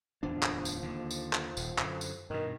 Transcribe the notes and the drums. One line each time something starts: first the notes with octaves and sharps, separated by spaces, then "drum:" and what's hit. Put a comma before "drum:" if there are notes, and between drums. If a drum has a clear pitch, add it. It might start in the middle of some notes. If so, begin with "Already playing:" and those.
D1 E2 F3 D4
drum: clap
drum: tambourine
D#2 D3
drum: tambourine
drum: clap
D#1, drum: tambourine
F#2 D3, drum: clap
drum: tambourine
G2 B2 D#3